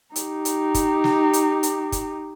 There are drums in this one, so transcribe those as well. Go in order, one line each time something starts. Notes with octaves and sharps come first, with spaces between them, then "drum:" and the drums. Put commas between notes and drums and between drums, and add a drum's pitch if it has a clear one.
D#4 G4, drum: hi-hat
drum: hi-hat
drum: kick, hi-hat
drum: snare
drum: hi-hat
drum: hi-hat
drum: kick, hi-hat